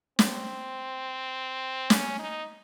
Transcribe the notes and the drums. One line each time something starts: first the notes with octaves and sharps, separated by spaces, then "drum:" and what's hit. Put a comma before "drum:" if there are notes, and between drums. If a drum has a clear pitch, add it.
C4, drum: snare
C#4, drum: snare
D#4